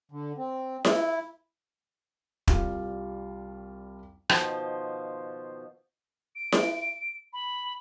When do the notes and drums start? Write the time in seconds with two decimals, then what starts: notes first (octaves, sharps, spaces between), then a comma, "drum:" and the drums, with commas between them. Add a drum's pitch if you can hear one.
0.12 D3
0.38 C4
0.85 E4, drum: snare E4
2.48 C2 G3 F4, drum: kick
4.29 B2 D#3 F3 C5, drum: rim click
6.36 D7
6.52 drum: snare E4
7.33 B5